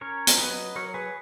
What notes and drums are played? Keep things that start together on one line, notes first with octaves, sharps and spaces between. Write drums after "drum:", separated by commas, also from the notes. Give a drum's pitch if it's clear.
C#4 A#4 C#5
drum: hi-hat
F#3 B4 D#5
F#3 A#4 C#5
G#4 B4